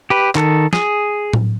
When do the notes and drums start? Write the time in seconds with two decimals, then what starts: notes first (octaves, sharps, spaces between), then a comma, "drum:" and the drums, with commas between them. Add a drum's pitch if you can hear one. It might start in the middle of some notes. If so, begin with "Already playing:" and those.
0.10 G4 B4
0.35 D#3 A4, drum: clap
0.73 G#4, drum: snare
1.33 drum: tom A2